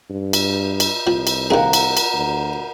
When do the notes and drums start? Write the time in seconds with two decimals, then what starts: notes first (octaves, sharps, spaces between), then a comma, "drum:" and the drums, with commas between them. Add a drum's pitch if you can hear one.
0.10 G2
0.33 drum: cymbal
0.80 drum: cymbal
1.07 C2 F3
1.27 drum: cymbal
1.50 D#3 G#4 A#4 F#5
1.73 drum: cymbal
1.97 drum: cymbal
2.13 D2